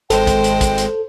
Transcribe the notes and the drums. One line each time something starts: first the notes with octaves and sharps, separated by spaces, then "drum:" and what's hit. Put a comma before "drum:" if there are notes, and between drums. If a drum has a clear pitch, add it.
G#1 G#3 A4 C5 G5, drum: hi-hat
drum: kick, hi-hat
drum: hi-hat
drum: kick, hi-hat
drum: hi-hat